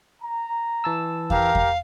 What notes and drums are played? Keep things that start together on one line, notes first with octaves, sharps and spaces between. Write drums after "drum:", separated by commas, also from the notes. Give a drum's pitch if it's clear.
A#5
E3 A5 E6
G4 A#4 F5, drum: kick E2
drum: kick E2